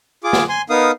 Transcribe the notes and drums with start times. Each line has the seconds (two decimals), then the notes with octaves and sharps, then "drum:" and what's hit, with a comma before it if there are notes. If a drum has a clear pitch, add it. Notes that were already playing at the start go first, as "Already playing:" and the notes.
0.24 F4 G#4 D6
0.33 drum: snare
0.49 G#5 C6
0.70 B3 D#4 A#4 F5 D#6